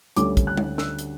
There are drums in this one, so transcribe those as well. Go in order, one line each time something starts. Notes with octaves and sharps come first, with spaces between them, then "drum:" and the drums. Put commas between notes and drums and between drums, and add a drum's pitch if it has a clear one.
D2 D3 G3 C#4 D6, drum: hi-hat
drum: kick, hi-hat
F#6
drum: tom G3
E6, drum: snare
drum: hi-hat